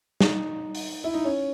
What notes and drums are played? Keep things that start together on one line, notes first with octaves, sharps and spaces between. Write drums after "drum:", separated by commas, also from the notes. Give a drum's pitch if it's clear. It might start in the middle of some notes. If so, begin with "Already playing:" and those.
D#4, drum: snare
drum: open hi-hat
E4
D#4
C#4